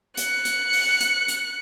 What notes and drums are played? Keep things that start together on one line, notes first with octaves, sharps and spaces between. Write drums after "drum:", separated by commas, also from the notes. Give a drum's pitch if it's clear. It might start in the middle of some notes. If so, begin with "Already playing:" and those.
F#6 C#7, drum: hi-hat
drum: hi-hat
drum: open hi-hat
drum: hi-hat
drum: hi-hat